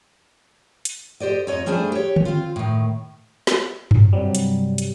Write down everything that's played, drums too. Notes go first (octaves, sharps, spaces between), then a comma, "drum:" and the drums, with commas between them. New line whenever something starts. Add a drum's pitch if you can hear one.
drum: hi-hat
G4 C5 D5 D#5
F2 C#5 D#5
G3 A3 D4 G#4 C5 D5
G4 C#5
drum: tom D3
C4 F4
A2 D#3
drum: snare
drum: tom F#2
G2 C3 F#3 G3
drum: hi-hat
drum: hi-hat